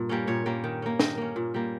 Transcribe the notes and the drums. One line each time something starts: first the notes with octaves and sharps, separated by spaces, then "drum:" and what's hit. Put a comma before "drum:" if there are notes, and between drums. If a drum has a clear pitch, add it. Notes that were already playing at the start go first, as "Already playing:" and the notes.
Already playing: G2 A#2
G3 A#3 C#4
A#2 C#5
G3 A#3 C#4
D#3
A#3 C#4
D#3 D#5, drum: snare
A#3 C#4
A#2
G3 A#3